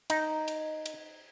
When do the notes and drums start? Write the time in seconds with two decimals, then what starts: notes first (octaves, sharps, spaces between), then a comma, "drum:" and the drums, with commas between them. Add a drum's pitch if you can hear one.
0.10 D#4, drum: cymbal
0.48 drum: cymbal
0.86 drum: cymbal